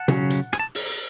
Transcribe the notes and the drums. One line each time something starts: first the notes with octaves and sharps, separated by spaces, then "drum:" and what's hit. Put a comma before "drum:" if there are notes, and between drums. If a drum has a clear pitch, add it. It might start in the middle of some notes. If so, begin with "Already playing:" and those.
Already playing: F#5 A5
C#3 F#3 C#4, drum: tom B2
drum: hi-hat
G#5, drum: rim click
A5
drum: open hi-hat